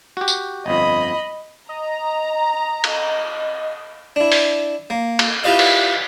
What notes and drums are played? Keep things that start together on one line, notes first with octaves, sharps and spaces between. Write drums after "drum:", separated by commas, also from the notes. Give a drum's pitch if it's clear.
F#4 G4
drum: tambourine
G1 F2 D#5 B5
D#5 A#5
drum: cymbal
D4 E4
drum: open hi-hat
A#3
drum: cymbal
E4 F4 G4 B4 D#5 F5
drum: cymbal